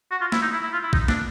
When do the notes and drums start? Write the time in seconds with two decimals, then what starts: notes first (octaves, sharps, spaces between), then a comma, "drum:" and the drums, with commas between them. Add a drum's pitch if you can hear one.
0.11 F#4
0.21 F4
0.32 E4, drum: snare
0.42 D#4
0.53 E4
0.63 E4
0.73 F4
0.83 E4
0.93 D#4, drum: kick
1.08 D4, drum: snare